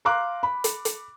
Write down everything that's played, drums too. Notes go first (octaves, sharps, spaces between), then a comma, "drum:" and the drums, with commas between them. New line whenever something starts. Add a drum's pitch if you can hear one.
F5 A#5 C6 D6 F#6
B5
drum: hi-hat
drum: hi-hat